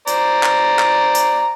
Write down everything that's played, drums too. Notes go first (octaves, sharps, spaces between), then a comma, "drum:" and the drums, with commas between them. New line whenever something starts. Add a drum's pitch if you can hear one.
C5 D5 A#5, drum: tambourine
drum: clap
drum: clap
drum: tambourine